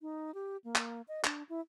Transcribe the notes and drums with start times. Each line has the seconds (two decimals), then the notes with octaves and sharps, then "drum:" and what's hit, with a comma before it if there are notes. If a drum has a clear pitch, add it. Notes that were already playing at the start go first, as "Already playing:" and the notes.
0.02 D#4
0.34 G4
0.64 A#3
0.76 drum: clap
1.08 D#5
1.24 D4, drum: clap
1.49 E4